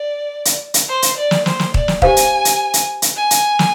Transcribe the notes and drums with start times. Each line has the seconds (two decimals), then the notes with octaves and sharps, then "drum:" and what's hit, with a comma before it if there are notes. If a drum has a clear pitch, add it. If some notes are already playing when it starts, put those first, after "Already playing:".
Already playing: D5
0.45 drum: hi-hat
0.74 drum: hi-hat
0.89 C5
1.02 drum: hi-hat
1.17 D5
1.31 drum: snare
1.46 C5, drum: snare
1.59 drum: snare
1.74 D5, drum: kick
1.88 drum: snare
2.02 G4 C5 F5 G#5, drum: kick
2.16 drum: hi-hat
2.45 drum: hi-hat
2.74 drum: hi-hat
3.02 drum: hi-hat
3.16 G#5
3.31 drum: hi-hat
3.59 drum: snare